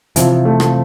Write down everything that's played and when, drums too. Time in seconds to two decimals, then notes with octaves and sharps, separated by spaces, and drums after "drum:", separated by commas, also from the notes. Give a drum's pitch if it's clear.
0.16 C3 E3 F3, drum: hi-hat
0.45 A3
0.60 drum: rim click